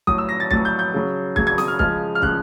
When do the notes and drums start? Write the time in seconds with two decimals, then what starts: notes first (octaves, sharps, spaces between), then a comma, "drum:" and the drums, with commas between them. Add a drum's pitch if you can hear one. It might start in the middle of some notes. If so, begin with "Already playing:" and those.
0.07 A2 F#3 D#6, drum: kick
0.18 E6
0.29 A#6
0.40 A6
0.51 A2 F#3 A6, drum: kick
0.65 G6
0.79 G6
0.93 C#3 F#3
1.36 C#3 F#3 G#6, drum: kick
1.47 G#6
1.58 D#6, drum: snare C4
1.68 F6
1.79 C#3 F3 G#3 F6, drum: kick
2.15 F6
2.22 C#3 F3 G#3 F#6, drum: kick